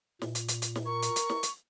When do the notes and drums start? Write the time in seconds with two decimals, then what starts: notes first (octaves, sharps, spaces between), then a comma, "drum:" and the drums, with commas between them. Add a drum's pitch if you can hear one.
0.22 A#2, drum: snare
0.35 drum: hi-hat
0.49 drum: hi-hat
0.62 drum: hi-hat
0.76 drum: snare
0.86 A#4 C#6
1.03 drum: hi-hat
1.16 drum: hi-hat
1.29 drum: snare
1.43 drum: hi-hat